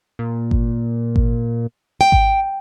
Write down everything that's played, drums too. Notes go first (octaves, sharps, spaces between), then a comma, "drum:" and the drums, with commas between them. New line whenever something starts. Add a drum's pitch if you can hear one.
A#2
drum: kick G#1
drum: kick G#1
G5
drum: kick G#1